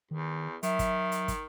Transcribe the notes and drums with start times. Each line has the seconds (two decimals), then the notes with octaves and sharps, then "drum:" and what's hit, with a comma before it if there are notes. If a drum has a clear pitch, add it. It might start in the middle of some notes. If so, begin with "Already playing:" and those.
0.11 E2 D#3
0.63 D#3 F#3 E5, drum: hi-hat
0.79 drum: kick, hi-hat
1.12 drum: hi-hat
1.28 drum: kick, hi-hat